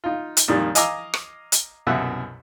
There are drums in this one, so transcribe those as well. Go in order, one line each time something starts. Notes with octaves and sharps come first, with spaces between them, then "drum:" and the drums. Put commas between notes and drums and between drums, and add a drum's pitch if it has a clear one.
D#4 F4
drum: hi-hat
F2 A#2 D#3 G3
D#5 F5 G#5 A#5 D6 E6, drum: hi-hat
drum: rim click
drum: hi-hat
C2 F#2 B2 E5 F#5